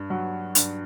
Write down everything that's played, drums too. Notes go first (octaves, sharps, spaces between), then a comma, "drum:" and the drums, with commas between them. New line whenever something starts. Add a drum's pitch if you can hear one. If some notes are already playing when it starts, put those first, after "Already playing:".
Already playing: G2
F#3
G2, drum: hi-hat